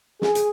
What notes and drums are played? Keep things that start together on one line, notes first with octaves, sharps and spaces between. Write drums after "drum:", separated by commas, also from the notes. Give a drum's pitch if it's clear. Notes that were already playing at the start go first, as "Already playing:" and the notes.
G#4, drum: snare
drum: hi-hat